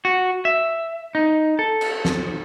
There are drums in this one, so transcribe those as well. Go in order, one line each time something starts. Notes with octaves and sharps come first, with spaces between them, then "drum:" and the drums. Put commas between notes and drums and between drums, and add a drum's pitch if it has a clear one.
F#4
E5
D#4
A4
drum: cymbal
drum: snare